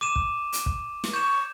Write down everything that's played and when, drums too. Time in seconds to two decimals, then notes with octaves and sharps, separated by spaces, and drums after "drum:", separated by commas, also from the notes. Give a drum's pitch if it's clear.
0.01 D6 D#7 E7
0.16 drum: kick
0.53 drum: hi-hat
0.66 drum: kick
1.04 drum: snare
1.14 C#6 G6 E7